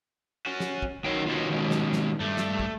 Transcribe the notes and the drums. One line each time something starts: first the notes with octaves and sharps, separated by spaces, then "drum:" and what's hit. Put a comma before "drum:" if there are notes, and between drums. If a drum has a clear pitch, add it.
C#4 F#4
drum: snare
drum: kick
D#3 F#3 C#5 G5
D#2 B2 F4 C#5
D#3 G#3
drum: snare
drum: snare
G2 A3
drum: snare
drum: kick